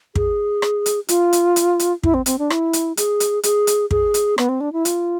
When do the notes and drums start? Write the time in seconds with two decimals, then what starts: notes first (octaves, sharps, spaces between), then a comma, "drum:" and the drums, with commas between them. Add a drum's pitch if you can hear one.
0.15 G#4, drum: kick
0.62 drum: rim click
0.86 drum: hi-hat
1.09 F4, drum: hi-hat
1.33 drum: hi-hat
1.56 drum: hi-hat
1.79 drum: hi-hat
2.03 E4, drum: kick
2.14 C4
2.26 C4, drum: hi-hat
2.39 D4
2.50 E4, drum: rim click
2.73 drum: hi-hat
2.97 G#4, drum: hi-hat
3.20 drum: hi-hat
3.43 G#4, drum: hi-hat
3.67 drum: hi-hat
3.91 G#4, drum: kick
4.14 drum: hi-hat
4.38 B3, drum: rim click
4.49 C4
4.61 D4
4.73 E4
4.85 F4, drum: hi-hat